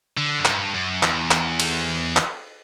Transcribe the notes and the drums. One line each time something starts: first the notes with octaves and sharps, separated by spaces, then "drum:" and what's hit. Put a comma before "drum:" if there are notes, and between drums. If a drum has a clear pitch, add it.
D3
F#2
G2, drum: clap
F#2
E2, drum: clap
drum: clap
drum: cymbal
drum: clap